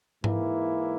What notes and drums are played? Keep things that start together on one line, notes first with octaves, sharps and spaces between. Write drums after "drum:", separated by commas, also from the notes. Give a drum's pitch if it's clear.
G#2 E3 A#3 E4, drum: tom G#2